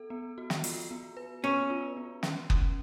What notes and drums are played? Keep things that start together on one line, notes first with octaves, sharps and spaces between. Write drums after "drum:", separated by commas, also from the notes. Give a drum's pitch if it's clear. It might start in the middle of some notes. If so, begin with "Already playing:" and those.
Already playing: B3 A4
B3
F#4
drum: snare
F4, drum: open hi-hat
B3
B4
B3 C#4
F4
B3
C#4, drum: snare
C#4, drum: kick F#1